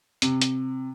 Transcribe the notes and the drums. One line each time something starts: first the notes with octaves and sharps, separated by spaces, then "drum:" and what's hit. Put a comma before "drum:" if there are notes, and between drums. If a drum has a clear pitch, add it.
C3, drum: hi-hat
drum: hi-hat